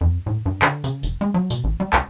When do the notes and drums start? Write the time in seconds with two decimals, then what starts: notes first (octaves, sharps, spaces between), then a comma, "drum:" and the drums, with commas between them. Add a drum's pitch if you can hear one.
0.01 F2
0.26 A2
0.46 G2
0.62 D3, drum: clap
0.84 C#3, drum: tambourine
1.03 F1, drum: tambourine
1.21 G#3
1.34 F#3
1.50 B2, drum: tambourine
1.64 A1
1.80 G3
1.93 C#2, drum: clap